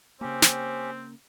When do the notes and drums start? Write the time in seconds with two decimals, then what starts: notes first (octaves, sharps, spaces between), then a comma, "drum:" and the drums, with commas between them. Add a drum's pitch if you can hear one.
0.21 C#3 A#3 C4 C#4 G4 C5
0.42 drum: snare